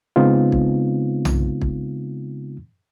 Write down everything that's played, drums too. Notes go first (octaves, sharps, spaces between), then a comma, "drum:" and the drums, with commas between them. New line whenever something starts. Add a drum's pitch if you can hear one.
C#3 G#3 B3 C4 D#4 F4
drum: kick
drum: tom B1
drum: kick